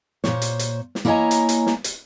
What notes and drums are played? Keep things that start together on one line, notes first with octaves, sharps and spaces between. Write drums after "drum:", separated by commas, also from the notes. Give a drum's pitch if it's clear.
A#2 C5 C#5, drum: snare
drum: hi-hat
drum: hi-hat
drum: snare
A#3 E4 C#5 D#5 G#5 A#5
drum: hi-hat
drum: hi-hat
drum: snare
drum: hi-hat